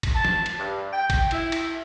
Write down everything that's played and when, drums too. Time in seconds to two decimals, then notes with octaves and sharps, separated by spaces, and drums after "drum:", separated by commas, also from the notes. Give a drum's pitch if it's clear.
0.03 drum: kick, cymbal
0.14 A5
0.25 drum: snare
0.46 drum: cymbal
0.58 G2
0.93 G5
1.10 drum: kick, cymbal
1.31 E4, drum: cymbal
1.52 drum: cymbal